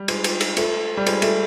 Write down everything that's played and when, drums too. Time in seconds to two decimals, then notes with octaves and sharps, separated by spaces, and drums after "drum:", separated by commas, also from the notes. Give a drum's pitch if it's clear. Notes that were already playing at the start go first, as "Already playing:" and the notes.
Already playing: G3
0.08 G#3, drum: cymbal
0.24 drum: cymbal
0.41 drum: cymbal
0.57 A3, drum: cymbal
0.97 G3
1.06 G#3, drum: cymbal
1.22 A3, drum: cymbal